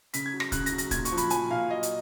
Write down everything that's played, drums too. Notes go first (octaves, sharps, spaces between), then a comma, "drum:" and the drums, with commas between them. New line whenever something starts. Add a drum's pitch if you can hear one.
C#3 B6, drum: hi-hat
G#6
F#3
A#6, drum: rim click
C#3 F#6, drum: kick, hi-hat
A#6, drum: hi-hat
F#3
A#6, drum: hi-hat
A#2 G#6, drum: kick, hi-hat
C#6, drum: hi-hat
F3
B5, drum: hi-hat
F3 G#5, drum: hi-hat
A#2 F5
F#3 D#5
drum: hi-hat